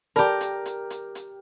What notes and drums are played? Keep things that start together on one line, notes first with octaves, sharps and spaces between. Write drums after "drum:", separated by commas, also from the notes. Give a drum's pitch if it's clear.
G4 A#4 D5 A5 B5, drum: hi-hat
drum: hi-hat
drum: hi-hat
drum: hi-hat
drum: hi-hat